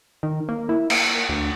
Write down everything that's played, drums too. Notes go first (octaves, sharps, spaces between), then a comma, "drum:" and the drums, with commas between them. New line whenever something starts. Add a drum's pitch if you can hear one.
D#3
A#3
E4
A#3, drum: cymbal
D2